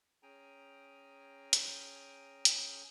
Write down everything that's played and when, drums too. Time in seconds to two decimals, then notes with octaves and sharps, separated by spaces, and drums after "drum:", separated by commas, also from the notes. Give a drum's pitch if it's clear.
0.23 C#4 G#4 G5 G#5 A#5
1.53 drum: hi-hat
2.45 drum: hi-hat